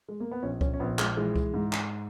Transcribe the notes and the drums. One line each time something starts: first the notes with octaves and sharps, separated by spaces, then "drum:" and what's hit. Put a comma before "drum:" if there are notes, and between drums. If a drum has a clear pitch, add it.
G#3
A#3
B3
A#1 C#4
C#4, drum: kick C#2
C#4
A#1 B3
G#3, drum: clap
E3 G#3
drum: kick C#2
G#2
drum: clap